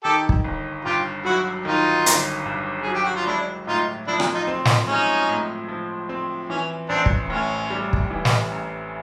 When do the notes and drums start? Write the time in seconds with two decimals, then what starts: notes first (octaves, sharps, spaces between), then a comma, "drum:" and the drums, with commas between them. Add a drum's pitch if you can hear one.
0.04 D#3 G4 A4
0.29 drum: kick
0.44 G1
0.85 G2 F4 G4
1.25 F#3 E4 F#4
1.65 D#3 D#4 F4
2.06 G1, drum: hi-hat
2.46 G2
2.82 F#3 G#4
2.94 G4
3.05 F#4
3.16 F4
3.27 G#3 D4 E4
3.67 A2 D#4 F4
4.07 F3 D4 E4
4.20 drum: rim click
4.34 D#4 F4
4.47 C4
4.65 drum: snare
4.88 G#3 C#4 D#4
5.29 A2
5.68 F3
6.09 C4
6.49 E3 C#4
6.89 A1 C4 D4
7.06 drum: kick
7.30 A2 C#4
7.70 G3
7.93 drum: kick
8.10 E3
8.25 drum: snare
8.52 A1